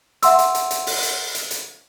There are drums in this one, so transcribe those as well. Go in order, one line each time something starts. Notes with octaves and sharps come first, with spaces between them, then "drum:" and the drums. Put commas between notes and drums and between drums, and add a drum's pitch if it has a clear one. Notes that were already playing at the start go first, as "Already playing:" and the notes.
E5 F#5 C6 E6, drum: hi-hat
drum: hi-hat
drum: hi-hat
drum: hi-hat
drum: open hi-hat
drum: hi-hat
drum: hi-hat
drum: hi-hat